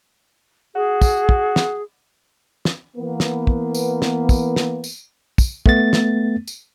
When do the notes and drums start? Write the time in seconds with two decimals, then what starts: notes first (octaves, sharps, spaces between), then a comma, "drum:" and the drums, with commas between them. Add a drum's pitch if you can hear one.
0.75 F#4 G#4
1.02 drum: kick, tambourine
1.29 drum: kick
1.56 drum: snare
2.65 drum: snare
2.97 E3 A#3 B3
3.20 drum: snare
3.47 drum: kick
3.75 drum: tambourine
4.02 drum: snare
4.29 drum: kick, tambourine
4.56 drum: snare
4.84 drum: tambourine
5.38 drum: kick, tambourine
5.66 A3 B3 A6, drum: kick
5.93 drum: snare
6.47 drum: tambourine